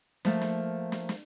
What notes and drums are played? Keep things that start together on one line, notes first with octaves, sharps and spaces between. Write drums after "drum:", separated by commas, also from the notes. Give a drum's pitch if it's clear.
F3 A3 A#3, drum: snare
drum: snare
drum: snare
drum: snare